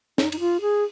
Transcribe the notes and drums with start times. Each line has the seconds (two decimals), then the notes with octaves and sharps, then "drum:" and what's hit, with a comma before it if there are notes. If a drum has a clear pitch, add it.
0.18 D#4, drum: snare
0.32 D#4, drum: cymbal
0.40 F4
0.61 G#4